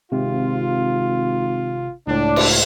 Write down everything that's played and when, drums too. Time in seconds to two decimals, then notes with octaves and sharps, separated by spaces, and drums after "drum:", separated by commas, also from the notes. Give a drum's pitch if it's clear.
0.12 G#1 C3 F4
2.07 C#2 A2 D4
2.36 drum: cymbal